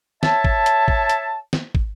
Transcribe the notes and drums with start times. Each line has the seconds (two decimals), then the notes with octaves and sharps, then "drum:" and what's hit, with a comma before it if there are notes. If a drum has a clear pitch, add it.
0.23 C#5 E5 A5, drum: snare
0.44 drum: kick
0.66 drum: hi-hat
0.88 drum: kick
1.10 drum: hi-hat
1.53 drum: snare
1.75 drum: kick